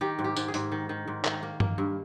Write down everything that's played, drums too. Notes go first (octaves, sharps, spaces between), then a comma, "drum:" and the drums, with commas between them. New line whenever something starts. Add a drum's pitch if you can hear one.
D#3 G4
G#2
G4
G#2, drum: tambourine
G#4
G#2, drum: hi-hat
D#3
D#3
G#2
D#3, drum: clap
A#3
A#3, drum: tom G2
G2